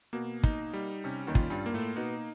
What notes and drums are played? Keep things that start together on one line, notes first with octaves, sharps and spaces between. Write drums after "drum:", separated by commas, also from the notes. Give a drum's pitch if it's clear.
B2 A#3
D#4, drum: kick
G3
C3 C#4
D#2 D#3
F4, drum: kick
G2 G3
A#3
A2 A3
B2 B3 D#4